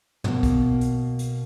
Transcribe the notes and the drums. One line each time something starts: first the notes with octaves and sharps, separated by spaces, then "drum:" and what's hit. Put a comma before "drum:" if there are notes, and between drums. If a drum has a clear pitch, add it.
B2 A#3, drum: tom
drum: kick, hi-hat
drum: hi-hat
drum: hi-hat